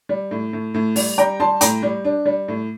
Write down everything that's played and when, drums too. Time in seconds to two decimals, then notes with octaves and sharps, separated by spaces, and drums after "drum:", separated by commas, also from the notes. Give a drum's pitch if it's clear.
0.09 G3
0.31 A2
0.53 A2
0.74 A2
0.96 G3, drum: open hi-hat
1.18 G3 G5 A#5
1.40 G3 A5 C6
1.61 A2 G5 A#5, drum: hi-hat
1.83 G3
2.05 D4
2.26 G3
2.48 A2